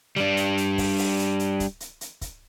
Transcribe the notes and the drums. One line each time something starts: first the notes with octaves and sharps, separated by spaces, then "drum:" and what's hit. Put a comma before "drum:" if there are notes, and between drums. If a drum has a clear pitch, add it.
G3 D4, drum: snare
drum: hi-hat
drum: hi-hat
drum: kick, open hi-hat
drum: open hi-hat
drum: hi-hat
drum: hi-hat
drum: kick, hi-hat
drum: hi-hat
drum: hi-hat
drum: kick, hi-hat